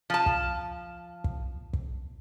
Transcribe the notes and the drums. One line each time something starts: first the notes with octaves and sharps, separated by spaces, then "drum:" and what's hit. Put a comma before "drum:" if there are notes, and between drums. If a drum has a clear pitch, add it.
F3 A5
drum: kick
drum: kick
drum: kick